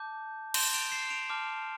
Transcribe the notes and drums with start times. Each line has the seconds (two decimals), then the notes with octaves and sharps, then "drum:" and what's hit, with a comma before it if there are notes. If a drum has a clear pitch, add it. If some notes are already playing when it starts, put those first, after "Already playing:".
Already playing: A5 D6 G6
0.54 C6 G6 E7 G7, drum: cymbal
0.74 D7 F7
0.92 C7 E7
1.10 D7 F7
1.30 A5 D6 F6